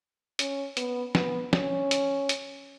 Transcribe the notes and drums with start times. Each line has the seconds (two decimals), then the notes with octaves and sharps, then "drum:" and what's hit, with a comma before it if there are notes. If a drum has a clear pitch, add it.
0.39 C#4, drum: hi-hat
0.77 B3, drum: hi-hat
1.15 B3, drum: snare
1.53 C#4, drum: snare
1.91 drum: hi-hat
2.29 drum: hi-hat